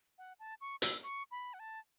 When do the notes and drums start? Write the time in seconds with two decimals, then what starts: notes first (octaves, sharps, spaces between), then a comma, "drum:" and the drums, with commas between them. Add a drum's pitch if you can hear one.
0.18 F#5
0.40 A5
0.61 C#6
0.82 E6, drum: hi-hat
1.03 C#6
1.31 B5
1.54 F#5
1.60 A5